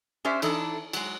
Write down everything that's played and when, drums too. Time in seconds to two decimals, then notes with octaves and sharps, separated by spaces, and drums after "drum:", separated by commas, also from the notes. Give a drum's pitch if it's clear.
0.25 C#4 G4 C5 D5 E5
0.42 E3 D4 D#4 A4, drum: cymbal
0.93 F#3 G#3, drum: cymbal